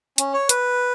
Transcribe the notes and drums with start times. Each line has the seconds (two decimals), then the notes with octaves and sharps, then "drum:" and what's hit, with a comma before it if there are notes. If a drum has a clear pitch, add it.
0.18 C#4, drum: hi-hat
0.34 C#5
0.49 B4, drum: hi-hat